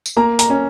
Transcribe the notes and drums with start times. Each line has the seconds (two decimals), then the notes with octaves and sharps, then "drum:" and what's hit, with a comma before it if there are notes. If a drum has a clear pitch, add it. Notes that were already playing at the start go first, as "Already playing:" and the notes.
0.06 drum: tambourine
0.17 A#3 A#5
0.39 A#5, drum: hi-hat
0.50 C#4